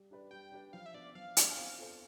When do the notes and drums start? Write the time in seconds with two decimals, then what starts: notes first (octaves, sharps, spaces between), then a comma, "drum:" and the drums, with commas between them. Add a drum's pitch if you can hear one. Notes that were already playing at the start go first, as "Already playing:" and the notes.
Already playing: G3
0.11 D4 G4 B4 D5
0.31 G3 G5
0.52 D4 G4 B4 D5
0.73 F3 F5
0.86 E5
0.94 B3 D4 F4 D5
1.15 F3 F5
1.37 B3 D4 F4, drum: hi-hat
1.57 C4
1.78 F4 A4 C5 F5